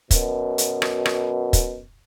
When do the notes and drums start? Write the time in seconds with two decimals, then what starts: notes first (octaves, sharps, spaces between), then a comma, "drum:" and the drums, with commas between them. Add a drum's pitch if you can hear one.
0.11 F#2 B2, drum: kick, hi-hat
0.58 drum: hi-hat
0.82 drum: rim click
1.06 drum: rim click
1.53 drum: kick, hi-hat